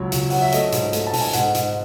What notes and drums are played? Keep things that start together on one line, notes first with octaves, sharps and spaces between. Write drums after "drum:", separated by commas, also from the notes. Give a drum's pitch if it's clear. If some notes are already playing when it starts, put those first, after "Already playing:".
Already playing: C#2 F#3 C#5
C#2, drum: hi-hat
F#3 F#5, drum: open hi-hat
E5
A3 D#5, drum: hi-hat
G#2, drum: hi-hat
A3, drum: hi-hat
A5
G#2, drum: open hi-hat
G#5
G#2 F#5, drum: hi-hat
G#2, drum: hi-hat